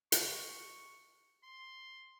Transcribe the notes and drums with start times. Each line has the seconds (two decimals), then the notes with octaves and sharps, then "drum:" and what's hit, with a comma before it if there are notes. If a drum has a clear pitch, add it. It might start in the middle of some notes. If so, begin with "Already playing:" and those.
0.12 C#6, drum: hi-hat
1.43 C6